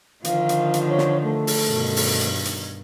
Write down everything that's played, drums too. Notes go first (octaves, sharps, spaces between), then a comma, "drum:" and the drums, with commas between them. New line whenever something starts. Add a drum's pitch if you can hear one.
D3 D#3 F3 F5, drum: hi-hat
drum: hi-hat
drum: hi-hat
C#5
drum: snare
A3
drum: open hi-hat
G2 B2 D#3
drum: open hi-hat
drum: hi-hat
drum: hi-hat